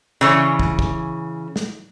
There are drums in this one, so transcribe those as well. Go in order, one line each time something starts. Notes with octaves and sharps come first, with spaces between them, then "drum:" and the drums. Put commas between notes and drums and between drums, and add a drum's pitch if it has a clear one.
C#3 E3 C#5
drum: kick
drum: kick
drum: snare